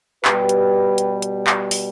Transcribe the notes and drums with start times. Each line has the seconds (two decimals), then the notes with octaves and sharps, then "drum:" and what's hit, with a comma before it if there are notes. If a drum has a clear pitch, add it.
0.25 B2 G3 G4 B4, drum: clap
0.49 drum: hi-hat
0.98 drum: hi-hat
1.22 drum: hi-hat
1.47 drum: clap
1.71 drum: open hi-hat